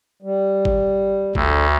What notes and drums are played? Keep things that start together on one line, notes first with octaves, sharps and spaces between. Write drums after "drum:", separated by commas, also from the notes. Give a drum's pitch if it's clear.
G3
drum: kick G#1
D2 D3, drum: kick G#1